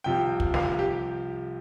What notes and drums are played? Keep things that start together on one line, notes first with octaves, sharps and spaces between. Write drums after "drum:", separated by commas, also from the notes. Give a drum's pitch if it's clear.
C2 C3 F3 G5
drum: kick
F5, drum: snare
G4